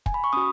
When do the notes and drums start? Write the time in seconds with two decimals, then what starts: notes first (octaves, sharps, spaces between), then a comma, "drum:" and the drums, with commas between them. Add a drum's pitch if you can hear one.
0.06 G#5, drum: kick
0.14 B5
0.24 C#6
0.33 C#4 F#4 D#6